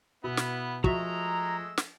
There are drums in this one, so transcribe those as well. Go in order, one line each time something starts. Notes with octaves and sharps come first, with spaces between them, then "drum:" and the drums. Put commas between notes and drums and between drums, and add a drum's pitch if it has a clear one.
B2 B3 E4
drum: snare
F3 G#3 A3 F#4 E5 A#5 E6, drum: kick
drum: snare